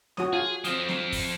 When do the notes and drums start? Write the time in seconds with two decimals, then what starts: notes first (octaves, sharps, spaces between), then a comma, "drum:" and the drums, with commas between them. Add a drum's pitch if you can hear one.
0.17 F#4 C#5 D#6, drum: snare
0.33 F4 G#4
0.64 F3 C4 D#6, drum: hi-hat
0.89 drum: snare
1.12 drum: kick, open hi-hat